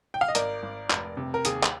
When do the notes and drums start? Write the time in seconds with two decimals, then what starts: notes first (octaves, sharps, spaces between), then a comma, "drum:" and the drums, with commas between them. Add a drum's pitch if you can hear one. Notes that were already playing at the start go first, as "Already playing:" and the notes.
0.14 G5
0.21 F5
0.28 D#5
0.35 G#1 A#4 D5, drum: hi-hat
0.63 G#1
0.90 F1, drum: clap
1.17 C3
1.34 A#4
1.45 D#2 G#4, drum: hi-hat
1.63 drum: clap